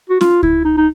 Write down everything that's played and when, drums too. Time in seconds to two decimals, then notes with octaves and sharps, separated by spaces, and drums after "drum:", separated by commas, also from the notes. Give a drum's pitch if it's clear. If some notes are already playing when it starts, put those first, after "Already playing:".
0.10 F#4
0.21 F4, drum: snare
0.43 E4, drum: kick C#2
0.65 D#4
0.77 D#4